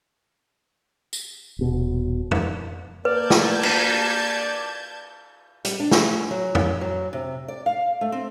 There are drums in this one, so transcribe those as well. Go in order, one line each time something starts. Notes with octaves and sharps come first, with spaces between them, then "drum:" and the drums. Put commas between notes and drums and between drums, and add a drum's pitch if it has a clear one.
drum: tambourine
D#1 B2
drum: tom
A#3 B4 D5 A5 G6 G#6
drum: snare
drum: cymbal
G3, drum: hi-hat
D4
G#4, drum: snare
F#3
C#4, drum: tom
F#3
C3
D5
F5
A3
C4